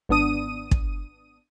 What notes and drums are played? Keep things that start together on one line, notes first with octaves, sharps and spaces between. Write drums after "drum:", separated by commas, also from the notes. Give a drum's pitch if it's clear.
G#1 B3 D4 D#6 D#7
drum: kick